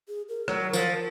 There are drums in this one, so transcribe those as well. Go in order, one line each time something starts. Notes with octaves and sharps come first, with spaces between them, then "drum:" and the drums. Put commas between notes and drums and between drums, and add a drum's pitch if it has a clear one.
G#4
A#4
F#3, drum: rim click
F3, drum: tambourine